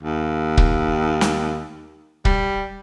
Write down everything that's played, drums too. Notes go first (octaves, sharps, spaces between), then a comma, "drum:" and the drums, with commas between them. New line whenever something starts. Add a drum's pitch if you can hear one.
D#2
drum: kick
drum: snare
G3, drum: kick